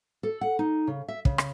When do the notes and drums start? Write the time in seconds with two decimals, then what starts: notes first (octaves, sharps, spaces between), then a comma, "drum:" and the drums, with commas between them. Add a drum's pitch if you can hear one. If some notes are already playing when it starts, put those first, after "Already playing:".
0.23 A4
0.41 F#5
0.59 D#4
0.87 C#3
1.08 E5
1.25 C#3, drum: kick
1.38 drum: rim click